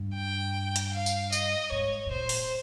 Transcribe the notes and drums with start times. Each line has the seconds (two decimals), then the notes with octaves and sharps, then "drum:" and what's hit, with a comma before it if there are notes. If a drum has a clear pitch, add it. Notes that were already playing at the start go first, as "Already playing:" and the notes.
Already playing: G2
0.15 G5
0.76 drum: hi-hat
0.93 F5
1.06 drum: tambourine
1.32 D#5, drum: tambourine
1.72 G#2 C#5
2.07 G#2
2.11 A#2 C5
2.29 drum: open hi-hat